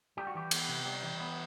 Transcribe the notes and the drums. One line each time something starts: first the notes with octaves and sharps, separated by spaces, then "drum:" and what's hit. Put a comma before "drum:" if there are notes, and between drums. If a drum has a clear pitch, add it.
G3 G4
F#4
E3 G4
B3, drum: cymbal
C3
G3
E3
B3